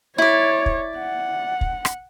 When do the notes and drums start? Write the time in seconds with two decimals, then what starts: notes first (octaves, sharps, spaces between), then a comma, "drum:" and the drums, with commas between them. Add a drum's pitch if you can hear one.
0.18 E4 C#5 D5
0.66 drum: kick
0.99 F#5
1.61 drum: kick
1.85 drum: rim click